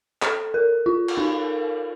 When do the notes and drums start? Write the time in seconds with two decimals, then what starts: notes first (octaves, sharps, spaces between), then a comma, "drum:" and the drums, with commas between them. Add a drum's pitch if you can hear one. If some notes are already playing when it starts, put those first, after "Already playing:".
0.22 A4, drum: clap
0.54 A#4
0.86 F4
1.08 drum: cymbal
1.17 D#4